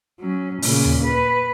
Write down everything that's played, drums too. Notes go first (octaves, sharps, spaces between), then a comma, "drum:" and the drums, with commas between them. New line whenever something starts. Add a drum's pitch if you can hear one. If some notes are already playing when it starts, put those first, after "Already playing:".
F#3 C#4
A#2 C#3, drum: open hi-hat
drum: tom D#2
B4